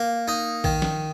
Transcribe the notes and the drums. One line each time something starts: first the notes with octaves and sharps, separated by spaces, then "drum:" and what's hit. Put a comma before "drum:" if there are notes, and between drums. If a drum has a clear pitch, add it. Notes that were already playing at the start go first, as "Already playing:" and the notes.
Already playing: A#3
D#4
D#3, drum: kick A#1
drum: snare